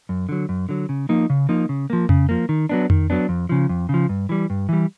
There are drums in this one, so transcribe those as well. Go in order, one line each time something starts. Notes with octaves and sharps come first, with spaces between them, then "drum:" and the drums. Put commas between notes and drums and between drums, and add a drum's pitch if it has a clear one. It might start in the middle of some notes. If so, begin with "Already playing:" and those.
F#2
D3 F#3
F#2
D3 F#3
C#3
F3 A#3 D#4
C#3
F3 A#3 D#4
C#3
F3 A#3
C#3, drum: tom F2
F3 A#3
D#3
F#3 B3 D4
D#3, drum: tom F2
F#3 B3 D4
F2
C#3 F3
F2
C#3 F3
G2
E3 G3
G2
E3 G3